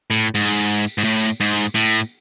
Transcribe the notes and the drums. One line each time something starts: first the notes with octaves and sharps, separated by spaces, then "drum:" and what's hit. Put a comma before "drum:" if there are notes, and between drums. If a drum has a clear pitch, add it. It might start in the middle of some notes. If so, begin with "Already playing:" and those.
A2
G#2, drum: tambourine
drum: tambourine
drum: tambourine
G#2
A2, drum: tambourine
drum: tambourine
G#2, drum: tambourine
drum: tambourine
A2, drum: tambourine
drum: tambourine